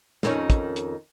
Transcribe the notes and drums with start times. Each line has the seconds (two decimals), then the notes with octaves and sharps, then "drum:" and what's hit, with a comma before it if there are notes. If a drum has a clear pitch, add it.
0.23 F2 D#3 C#4, drum: snare
0.50 drum: kick, hi-hat
0.76 drum: hi-hat